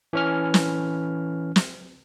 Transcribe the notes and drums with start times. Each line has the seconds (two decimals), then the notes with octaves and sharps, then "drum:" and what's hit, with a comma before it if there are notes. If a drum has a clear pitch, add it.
0.13 E3 C#4 F6
0.54 drum: snare
1.56 drum: snare